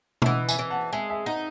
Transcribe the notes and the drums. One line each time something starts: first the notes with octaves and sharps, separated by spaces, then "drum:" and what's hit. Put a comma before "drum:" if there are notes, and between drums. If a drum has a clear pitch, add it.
E5, drum: tom B2
E3 D#5 F#5
E5 G#5, drum: tambourine
E3
F#5 A5
G#3 E5 G#5
E5 G#5
D#4 D#5 F#5